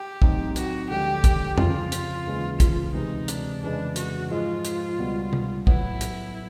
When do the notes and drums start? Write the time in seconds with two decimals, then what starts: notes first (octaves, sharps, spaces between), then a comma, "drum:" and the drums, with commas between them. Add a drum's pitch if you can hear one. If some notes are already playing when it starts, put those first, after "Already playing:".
Already playing: G4
0.22 A2 F#3 A3 C4 D#4, drum: kick
0.56 F#4, drum: hi-hat
0.90 D2 D3 F3 G#3 G4
1.24 drum: kick, hi-hat
1.58 F2 C#3 F3 F4, drum: tom F2
1.92 drum: hi-hat
2.26 D#2 C#3 E3 G#3
2.60 F4, drum: kick, hi-hat
2.94 D2 C3 E3 G#3 C4 D#4
3.28 D4, drum: hi-hat
3.62 F2 C#3 E3 G#3 D4
3.96 F#4, drum: hi-hat
4.30 G#2 F3 G#3 F4
4.65 drum: hi-hat
4.99 C#2 B2 G3 B3
5.33 drum: tom
5.67 A2 F#3 B3 E4, drum: kick
6.01 drum: hi-hat